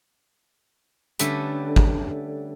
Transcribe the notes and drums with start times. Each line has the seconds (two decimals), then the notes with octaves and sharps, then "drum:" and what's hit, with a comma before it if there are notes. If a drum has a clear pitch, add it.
1.19 D3 G3 A3 C#4 B4, drum: hi-hat
1.76 drum: kick G#1